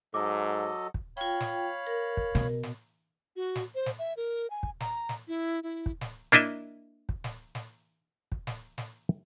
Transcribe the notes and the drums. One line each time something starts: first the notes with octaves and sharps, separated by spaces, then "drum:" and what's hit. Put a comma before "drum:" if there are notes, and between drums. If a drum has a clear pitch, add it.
G#2 F#3 A4 D#5 D6
drum: kick
F4 C#5 F5 G5 B5
drum: snare
A#4
drum: kick
B2, drum: snare
drum: snare
F#4
drum: snare
C5
drum: snare
E5
A#4
G#5
drum: kick
A#5, drum: snare
drum: snare
E4
E4
drum: kick
drum: snare
A#3 D4 E4 D#5 E5, drum: snare
drum: kick
drum: snare
drum: snare
drum: kick
drum: snare
drum: snare